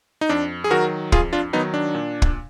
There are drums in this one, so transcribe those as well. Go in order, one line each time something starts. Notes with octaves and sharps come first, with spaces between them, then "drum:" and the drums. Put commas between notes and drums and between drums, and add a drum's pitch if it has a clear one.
D#4
F2 D4
G#4
D#3 F#3 F#4 A#4
F2 F4 G#4, drum: kick
D4 F4
D#3 F#3 B3 D#4
D4
A#2
drum: kick